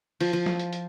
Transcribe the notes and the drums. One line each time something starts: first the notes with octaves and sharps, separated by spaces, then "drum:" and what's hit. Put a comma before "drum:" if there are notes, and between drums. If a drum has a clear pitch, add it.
F3, drum: open hi-hat
F3
drum: snare
drum: hi-hat
drum: hi-hat